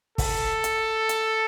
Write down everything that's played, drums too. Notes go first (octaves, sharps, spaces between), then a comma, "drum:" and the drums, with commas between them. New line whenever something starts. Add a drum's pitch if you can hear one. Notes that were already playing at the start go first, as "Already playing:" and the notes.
A4, drum: kick, open hi-hat
drum: hi-hat
drum: hi-hat